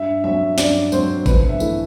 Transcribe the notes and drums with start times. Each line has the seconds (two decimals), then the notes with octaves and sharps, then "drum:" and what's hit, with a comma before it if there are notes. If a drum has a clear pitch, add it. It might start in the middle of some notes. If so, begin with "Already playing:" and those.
Already playing: G2 E5
0.24 F#3 C4 E5
0.58 G2 D5, drum: snare
0.92 F#3 C4 C5, drum: tambourine
1.26 G1 B4, drum: kick A1, tambourine
1.49 E5
1.60 E3 A3 E4, drum: tambourine